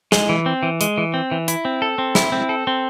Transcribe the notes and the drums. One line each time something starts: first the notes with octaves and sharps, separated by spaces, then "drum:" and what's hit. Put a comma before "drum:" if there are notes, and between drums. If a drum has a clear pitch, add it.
G#3, drum: snare
E3
C4
E3
G#3, drum: hi-hat
E3
C4
E3
E4, drum: hi-hat
C4
A4
C4
E4, drum: snare
C4
A4
C4